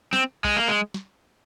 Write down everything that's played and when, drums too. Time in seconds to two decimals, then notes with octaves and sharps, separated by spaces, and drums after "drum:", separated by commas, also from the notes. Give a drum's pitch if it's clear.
0.13 C4, drum: snare
0.44 G#3, drum: kick B1
0.56 A#3
0.68 G#3
0.94 drum: snare